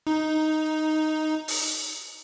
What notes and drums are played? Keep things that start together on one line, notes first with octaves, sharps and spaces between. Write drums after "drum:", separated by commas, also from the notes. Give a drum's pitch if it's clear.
D#4
drum: open hi-hat